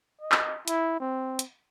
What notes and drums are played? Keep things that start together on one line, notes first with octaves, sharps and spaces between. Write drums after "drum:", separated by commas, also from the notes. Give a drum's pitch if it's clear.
D#5
drum: clap
E4, drum: hi-hat
C4
drum: hi-hat